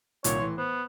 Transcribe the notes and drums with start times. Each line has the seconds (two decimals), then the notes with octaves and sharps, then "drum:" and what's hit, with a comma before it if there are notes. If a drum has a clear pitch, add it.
0.24 C2 A#2 D#3 C#5, drum: hi-hat
0.40 A2 E3 C6
0.58 B3 C5